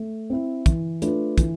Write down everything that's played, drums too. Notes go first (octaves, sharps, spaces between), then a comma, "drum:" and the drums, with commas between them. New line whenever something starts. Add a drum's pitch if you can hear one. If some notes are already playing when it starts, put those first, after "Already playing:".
Already playing: A3
C4 E4
E3, drum: kick, hi-hat
A3 D4 F4 B4, drum: hi-hat
E3, drum: kick, hi-hat